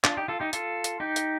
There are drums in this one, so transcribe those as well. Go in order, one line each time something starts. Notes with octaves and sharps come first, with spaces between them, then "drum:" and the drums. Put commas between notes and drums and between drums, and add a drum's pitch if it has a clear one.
D4 F4, drum: clap
D#4 G4
F4 A4
D#4 G4
F4 A4, drum: hi-hat
drum: hi-hat
D#4 G4
drum: hi-hat